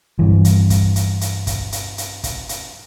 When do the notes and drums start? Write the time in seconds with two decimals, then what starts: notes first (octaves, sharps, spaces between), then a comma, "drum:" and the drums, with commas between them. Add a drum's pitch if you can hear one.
0.19 G2 E3
0.45 drum: hi-hat
0.70 drum: kick, hi-hat
0.96 drum: hi-hat
1.21 drum: hi-hat
1.47 drum: kick, hi-hat
1.72 drum: hi-hat
1.98 drum: hi-hat
2.24 drum: kick, hi-hat
2.49 drum: hi-hat